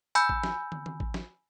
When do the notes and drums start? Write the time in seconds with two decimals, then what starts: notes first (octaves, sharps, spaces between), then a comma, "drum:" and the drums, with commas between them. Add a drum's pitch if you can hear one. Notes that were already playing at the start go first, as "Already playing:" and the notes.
0.15 G#5 B5 E6 G6
0.29 drum: kick A1
0.43 drum: snare
0.72 drum: tom
0.86 drum: tom D#3
1.00 drum: kick A1
1.14 drum: snare